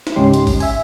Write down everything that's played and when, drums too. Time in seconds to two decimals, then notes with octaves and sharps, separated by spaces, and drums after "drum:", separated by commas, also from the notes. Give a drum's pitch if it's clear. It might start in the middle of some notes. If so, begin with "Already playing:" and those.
0.07 drum: snare
0.16 C#2 G#2 C#4 D#4 G4 C6
0.34 drum: hi-hat
0.47 drum: kick, open hi-hat
0.60 E5 G#5, drum: open hi-hat